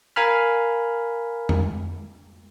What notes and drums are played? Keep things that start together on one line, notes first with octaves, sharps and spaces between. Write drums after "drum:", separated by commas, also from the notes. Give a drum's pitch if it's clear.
A#4 F5 G#5 B5 F6
drum: tom F2